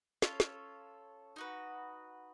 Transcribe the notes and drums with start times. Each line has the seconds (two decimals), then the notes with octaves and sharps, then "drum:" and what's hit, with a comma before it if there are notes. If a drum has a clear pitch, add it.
0.22 C#4 F4 A4 C#5, drum: snare
0.40 drum: snare
1.36 D#4 F#4 B4